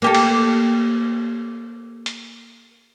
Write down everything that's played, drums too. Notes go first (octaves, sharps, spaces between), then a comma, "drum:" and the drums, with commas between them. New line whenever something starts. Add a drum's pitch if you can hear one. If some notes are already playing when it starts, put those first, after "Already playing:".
A#3 G4 A4
drum: cymbal
drum: hi-hat